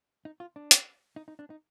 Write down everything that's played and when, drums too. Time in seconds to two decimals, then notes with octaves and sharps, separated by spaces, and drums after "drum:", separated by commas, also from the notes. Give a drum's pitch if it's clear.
0.25 D#4
0.40 F4
0.56 D4
0.71 drum: hi-hat
1.16 D#4
1.28 D#4
1.39 D4
1.50 D#4